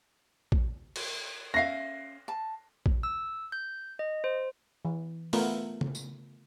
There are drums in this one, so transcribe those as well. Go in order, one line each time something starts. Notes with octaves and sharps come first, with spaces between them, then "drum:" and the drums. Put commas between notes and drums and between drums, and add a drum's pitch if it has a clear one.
drum: kick
drum: cymbal
C#4 E5 F5 A#6 C7
A5
drum: kick
E6
G6
D#5
C5
E3
A3 B3 F4 A#4, drum: open hi-hat
drum: tom C#3
drum: tambourine